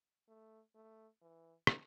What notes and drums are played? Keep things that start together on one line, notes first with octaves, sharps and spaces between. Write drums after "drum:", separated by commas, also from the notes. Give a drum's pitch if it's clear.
A3
A3
E3
drum: rim click